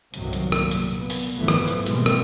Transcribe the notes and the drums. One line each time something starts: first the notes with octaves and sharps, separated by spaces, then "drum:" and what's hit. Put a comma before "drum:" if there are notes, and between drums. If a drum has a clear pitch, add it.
G1 C2 A2 C3 D#3 F#3, drum: hi-hat
drum: hi-hat
A#2, drum: rim click
drum: hi-hat
A#2 B3
drum: open hi-hat
G#1 F#2 E3 F3 A3 B3
drum: rim click
drum: hi-hat
B2 E3 G3 G#3 A#3 C4, drum: hi-hat
drum: rim click